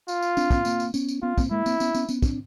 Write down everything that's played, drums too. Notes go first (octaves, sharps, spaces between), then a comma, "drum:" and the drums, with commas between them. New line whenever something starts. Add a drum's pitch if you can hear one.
F4, drum: tambourine
drum: tambourine
C4 D4, drum: tambourine
B3 C#4, drum: kick, tambourine
A#3 C4, drum: tambourine
drum: tambourine
B3 C#4, drum: tambourine
drum: tambourine
B3 C#4 F4
A#3 C4, drum: kick, tambourine
G#3 A#3 E4
A#3 C4, drum: tambourine
B3 C#4, drum: tambourine
B3 C#4, drum: tambourine
B3 C#4, drum: tambourine
C4 D4, drum: kick, tambourine